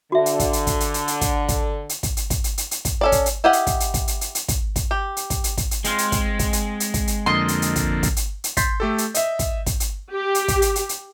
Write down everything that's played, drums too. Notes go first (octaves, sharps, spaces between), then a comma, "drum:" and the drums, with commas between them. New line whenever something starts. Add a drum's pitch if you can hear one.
D3 F#4 E5
drum: hi-hat
drum: kick, hi-hat
drum: hi-hat
drum: kick, hi-hat
drum: hi-hat
drum: hi-hat
drum: hi-hat
drum: kick, hi-hat
drum: kick, hi-hat
drum: hi-hat
drum: kick, hi-hat
drum: hi-hat
drum: kick, hi-hat
drum: hi-hat
drum: hi-hat
drum: hi-hat
drum: kick, hi-hat
C#4 A4 D5
drum: kick, hi-hat
drum: hi-hat
E4 G4 D#5 F#5
drum: hi-hat
drum: kick, hi-hat
drum: hi-hat
drum: kick, hi-hat
drum: hi-hat
drum: hi-hat
drum: hi-hat
drum: kick, hi-hat
drum: kick, hi-hat
G4
drum: hi-hat
drum: kick, hi-hat
drum: hi-hat
drum: kick, hi-hat
drum: hi-hat
G#3 C4 F4, drum: hi-hat
drum: hi-hat
drum: kick, hi-hat
drum: kick, hi-hat
drum: hi-hat
drum: hi-hat
drum: kick, hi-hat
drum: hi-hat
F2 D3 A#3 D#5 C6
drum: hi-hat
drum: hi-hat
drum: kick, hi-hat
drum: kick, hi-hat
drum: hi-hat
drum: hi-hat
C6 G6 A6 B6 C7, drum: kick, hi-hat
A3 G4 A4
drum: hi-hat
D#5 E5, drum: hi-hat
drum: kick, hi-hat
drum: kick, hi-hat
drum: hi-hat
G4
drum: hi-hat
drum: kick, hi-hat
drum: hi-hat
drum: hi-hat
drum: hi-hat